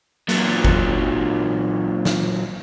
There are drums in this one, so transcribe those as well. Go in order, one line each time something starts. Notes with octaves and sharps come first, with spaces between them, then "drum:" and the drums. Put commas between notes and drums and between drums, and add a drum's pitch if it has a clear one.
A#2 F#3, drum: hi-hat
drum: kick G1
drum: snare